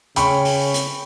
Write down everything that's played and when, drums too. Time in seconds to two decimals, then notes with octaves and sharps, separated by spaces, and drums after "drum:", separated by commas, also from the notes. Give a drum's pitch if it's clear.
0.16 C#3 C#4 G5 B5 C#6, drum: hi-hat
0.45 drum: open hi-hat
0.74 drum: hi-hat